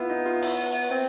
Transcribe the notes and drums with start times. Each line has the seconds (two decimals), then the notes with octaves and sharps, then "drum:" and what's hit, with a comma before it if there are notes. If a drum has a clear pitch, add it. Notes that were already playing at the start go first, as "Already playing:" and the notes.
Already playing: B3 E4 F4
0.10 D#4
0.26 F4
0.42 E4, drum: open hi-hat
0.91 C4